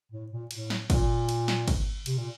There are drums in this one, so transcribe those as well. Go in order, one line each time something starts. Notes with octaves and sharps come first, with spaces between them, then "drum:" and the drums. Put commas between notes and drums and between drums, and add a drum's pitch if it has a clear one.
A2
A#2
A2, drum: cymbal
drum: snare
A#2, drum: kick, cymbal
drum: cymbal
drum: snare
drum: kick, cymbal
C3, drum: cymbal
A#2